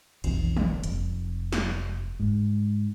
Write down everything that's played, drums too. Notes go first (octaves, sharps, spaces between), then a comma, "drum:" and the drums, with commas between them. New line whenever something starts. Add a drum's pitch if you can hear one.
F1 B1 E3, drum: cymbal
drum: tom
F1, drum: hi-hat
drum: snare
G#2